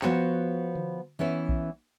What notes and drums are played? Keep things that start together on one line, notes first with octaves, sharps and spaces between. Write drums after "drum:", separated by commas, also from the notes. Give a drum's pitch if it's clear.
F3 B3 F#4 C5 C#5, drum: clap
drum: tom D3
E3 B3 C#4 E4
drum: kick A#1